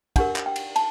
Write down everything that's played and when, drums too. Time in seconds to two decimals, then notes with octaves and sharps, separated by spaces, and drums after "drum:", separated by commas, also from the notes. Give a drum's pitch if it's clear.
0.16 D4 G4 A#4 F#5, drum: kick, cymbal
0.36 drum: clap
0.46 G5
0.56 drum: cymbal
0.76 A5, drum: cymbal